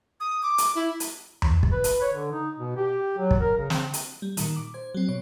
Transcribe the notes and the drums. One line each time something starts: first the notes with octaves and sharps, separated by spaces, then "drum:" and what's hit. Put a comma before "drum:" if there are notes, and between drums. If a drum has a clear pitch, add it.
D#6
D6
drum: hi-hat
E4
drum: hi-hat
drum: tom E2
drum: kick
B4
drum: hi-hat
C#5
D3
D#4
B2
G4
F#3
drum: kick
A#4
C#3
C4, drum: snare
drum: hi-hat
G3
A#2 D#3, drum: hi-hat
D6
C5 G#6
F#3 C4
B2 C#5